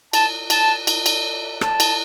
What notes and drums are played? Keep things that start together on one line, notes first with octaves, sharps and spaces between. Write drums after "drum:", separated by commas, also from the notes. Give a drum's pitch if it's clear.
A5, drum: cymbal
A5, drum: cymbal
drum: cymbal
drum: cymbal
A5, drum: rim click
drum: cymbal